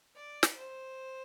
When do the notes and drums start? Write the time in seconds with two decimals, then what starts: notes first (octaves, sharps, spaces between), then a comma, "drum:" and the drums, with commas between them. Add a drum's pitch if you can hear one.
0.15 D5
0.43 drum: snare
0.57 C5